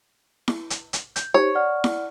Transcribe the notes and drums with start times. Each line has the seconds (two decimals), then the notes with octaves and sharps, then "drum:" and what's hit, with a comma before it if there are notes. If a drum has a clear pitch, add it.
0.48 drum: snare E4
0.70 drum: hi-hat
0.93 drum: hi-hat
1.16 G6, drum: hi-hat
1.34 D#4 G4 C5 C#5
1.55 D5 F#5 F6
1.84 drum: snare E4